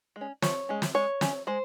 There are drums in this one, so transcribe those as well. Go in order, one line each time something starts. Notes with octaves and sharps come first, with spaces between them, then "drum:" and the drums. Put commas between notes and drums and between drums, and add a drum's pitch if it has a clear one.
G#3
C#4
F3 C#5, drum: snare
G#3 C#4
drum: snare
G#3 C#5
C#4, drum: snare
G#3 C5